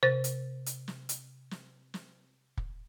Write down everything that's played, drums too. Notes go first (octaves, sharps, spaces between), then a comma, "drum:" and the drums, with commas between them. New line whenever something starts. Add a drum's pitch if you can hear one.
C3 C5 A6
drum: hi-hat
drum: hi-hat
drum: snare
drum: hi-hat
drum: snare
drum: snare
drum: kick